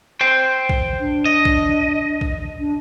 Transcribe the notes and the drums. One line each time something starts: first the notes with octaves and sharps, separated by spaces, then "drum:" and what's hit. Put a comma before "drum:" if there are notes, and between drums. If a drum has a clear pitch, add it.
C5 G5
drum: kick B1
D4
D#5
drum: kick B1
drum: kick B1
D4